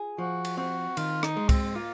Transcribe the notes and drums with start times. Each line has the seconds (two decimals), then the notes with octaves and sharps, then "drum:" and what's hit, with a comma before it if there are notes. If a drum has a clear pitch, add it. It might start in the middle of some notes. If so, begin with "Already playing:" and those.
Already playing: F4 G#4
0.18 F3 F#4
0.45 drum: cymbal
0.57 C4 F#4
0.97 D#3 F4, drum: cymbal
1.23 D#4, drum: rim click
1.37 G#3
1.49 C4, drum: kick, cymbal
1.75 A#3 F4